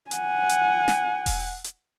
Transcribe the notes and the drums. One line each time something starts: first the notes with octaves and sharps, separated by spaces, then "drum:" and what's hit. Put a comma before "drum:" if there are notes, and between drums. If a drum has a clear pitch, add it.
F#5 G#5, drum: hi-hat
drum: hi-hat
drum: snare
drum: kick E1, open hi-hat
drum: hi-hat